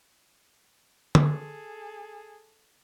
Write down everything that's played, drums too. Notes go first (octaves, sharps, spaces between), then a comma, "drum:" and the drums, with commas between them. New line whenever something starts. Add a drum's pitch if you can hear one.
G#4 A4, drum: tom